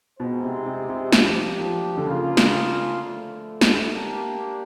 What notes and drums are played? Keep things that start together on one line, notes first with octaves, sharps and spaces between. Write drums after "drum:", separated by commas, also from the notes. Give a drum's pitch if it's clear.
B2 G#3 C4 D#4 G#4 C5
C3
C3
C3
F3 F#3 A#3 D4 G4, drum: snare
F3
D3
C#3 A#3 D4 F4 G#4
drum: snare
D3 F3 A3
drum: snare
A#3 D4 G4